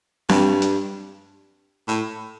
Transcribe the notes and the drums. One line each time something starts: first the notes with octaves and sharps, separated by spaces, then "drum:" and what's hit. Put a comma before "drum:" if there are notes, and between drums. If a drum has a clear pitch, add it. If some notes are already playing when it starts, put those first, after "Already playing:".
G2, drum: snare C4
drum: hi-hat
A2